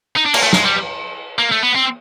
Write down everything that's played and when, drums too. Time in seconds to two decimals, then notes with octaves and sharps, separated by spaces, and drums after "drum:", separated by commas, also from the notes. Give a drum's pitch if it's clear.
0.16 D#4
0.26 D4
0.34 A#3, drum: cymbal
0.43 A3
0.53 G#3, drum: snare
0.65 G3
1.39 A#3
1.52 A3
1.63 B3
1.76 C4